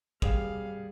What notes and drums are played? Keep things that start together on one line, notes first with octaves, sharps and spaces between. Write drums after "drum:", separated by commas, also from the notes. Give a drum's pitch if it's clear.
G3 G#4 F5, drum: kick